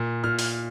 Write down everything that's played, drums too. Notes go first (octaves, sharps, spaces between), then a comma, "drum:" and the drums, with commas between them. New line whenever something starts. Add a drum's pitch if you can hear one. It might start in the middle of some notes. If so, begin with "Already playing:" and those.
Already playing: A#2
A#2 F6
drum: open hi-hat